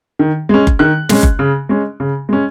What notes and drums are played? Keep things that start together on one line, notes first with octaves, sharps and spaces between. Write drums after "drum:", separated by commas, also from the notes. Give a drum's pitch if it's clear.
D#3
G#3 C#4
drum: kick F#1
D#3 F#6
G#3 C#4, drum: snare
drum: kick F#1
C#3
G#3 C#4
C#3
G#3 C#4